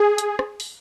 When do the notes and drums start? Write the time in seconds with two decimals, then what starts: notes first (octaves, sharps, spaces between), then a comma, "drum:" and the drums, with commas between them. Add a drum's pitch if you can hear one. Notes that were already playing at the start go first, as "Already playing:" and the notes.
Already playing: G#4
0.18 drum: hi-hat
0.39 drum: rim click
0.60 drum: open hi-hat